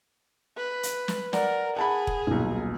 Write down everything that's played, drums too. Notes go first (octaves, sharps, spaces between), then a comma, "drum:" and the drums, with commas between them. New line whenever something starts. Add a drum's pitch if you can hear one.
B4
drum: hi-hat
drum: snare
A#4 D5 F#5, drum: snare
G#4 F#5 A5 B5
drum: kick E1
D#1 B1